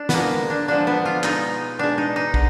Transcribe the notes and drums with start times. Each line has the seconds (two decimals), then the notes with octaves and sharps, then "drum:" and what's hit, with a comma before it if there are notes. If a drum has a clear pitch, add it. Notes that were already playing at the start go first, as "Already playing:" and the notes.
Already playing: D4
0.09 D3 F3 G#3 A#3 B3, drum: snare
0.50 D4
0.68 D3 F3 G#3 D4
0.87 B3
1.06 F4
1.24 B2 G#3 D#4, drum: clap
1.79 B2 G#3 D4
1.98 D#4
2.16 D#4
2.34 D3, drum: kick